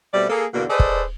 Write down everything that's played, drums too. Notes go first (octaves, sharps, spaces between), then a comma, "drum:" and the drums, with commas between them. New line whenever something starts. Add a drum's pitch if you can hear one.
B2 G3 A3 C4 D5
A#3 G#4 A4
E2 B2 D3 A#3
G#4 A4 B4 C5 D5 D#5
drum: kick